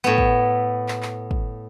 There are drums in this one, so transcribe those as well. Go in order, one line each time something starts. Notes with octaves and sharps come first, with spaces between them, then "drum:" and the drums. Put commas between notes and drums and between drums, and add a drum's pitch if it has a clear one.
A2 B3
drum: kick
drum: clap
drum: clap
drum: kick